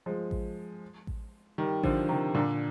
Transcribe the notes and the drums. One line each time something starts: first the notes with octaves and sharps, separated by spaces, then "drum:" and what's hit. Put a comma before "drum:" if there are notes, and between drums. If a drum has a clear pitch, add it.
F3 G#3
drum: kick A1
drum: kick A1
D#3 G3
D3 F3, drum: kick A1
C3 D#3
A#2 D3